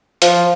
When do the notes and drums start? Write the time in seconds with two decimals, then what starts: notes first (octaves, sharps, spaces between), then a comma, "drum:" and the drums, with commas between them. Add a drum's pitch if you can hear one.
0.22 F3, drum: hi-hat